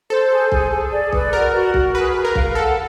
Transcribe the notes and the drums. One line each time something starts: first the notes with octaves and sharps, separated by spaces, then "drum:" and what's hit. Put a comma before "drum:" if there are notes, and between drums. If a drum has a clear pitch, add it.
A4 C5
G#4
G#4, drum: kick B1
G#4
D5
B4, drum: kick B1
F#4 A#4
F#4
F#4, drum: kick B1
G#4 B4
G#4
A#4
F5, drum: kick B1
A4 F#5